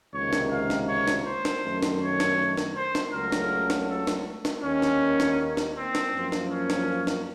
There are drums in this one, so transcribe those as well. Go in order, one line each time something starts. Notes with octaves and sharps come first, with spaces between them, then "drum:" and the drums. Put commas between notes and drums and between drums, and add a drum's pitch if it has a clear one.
C#2 C3 D#3 A#3 C#5
drum: snare
F5
drum: snare
C#5
drum: snare
C5
drum: snare
F#2 D#3 A3
drum: snare
C#5
drum: snare
drum: snare
C5
drum: snare
C#2 C#3 F#3 A3 A#4
drum: snare
drum: snare
A4
drum: snare
drum: snare
D#2 D#3 A#3 C#4
drum: snare
drum: snare
drum: snare
C4
drum: snare
F#2 F3 A#3
drum: snare
C#4
drum: snare
drum: snare